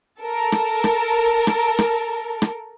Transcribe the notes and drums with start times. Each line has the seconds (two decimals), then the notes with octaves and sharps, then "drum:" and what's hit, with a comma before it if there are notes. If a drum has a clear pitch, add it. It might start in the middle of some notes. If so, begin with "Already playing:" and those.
0.21 A4 A#4
0.52 drum: rim click
0.84 drum: rim click
1.47 drum: rim click
1.79 drum: rim click
2.42 drum: rim click